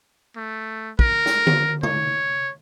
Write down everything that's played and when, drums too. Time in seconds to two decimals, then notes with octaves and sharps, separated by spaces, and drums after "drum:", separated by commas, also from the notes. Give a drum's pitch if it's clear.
0.36 A3
0.99 A#4, drum: kick
1.26 drum: snare
1.47 drum: tom D3
1.83 C#5, drum: tom